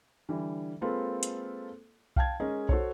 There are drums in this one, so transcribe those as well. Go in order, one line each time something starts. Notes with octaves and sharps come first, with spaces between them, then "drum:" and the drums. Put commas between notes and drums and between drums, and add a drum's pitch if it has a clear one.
D3 E3 G3
G#3 A#3 C4 F4 A4 B4
drum: hi-hat
F5 G5 A5 G#6, drum: kick B1
G#3 C#4 G#4 A#4 D#5
F#4 A4 C5 C#5, drum: kick B1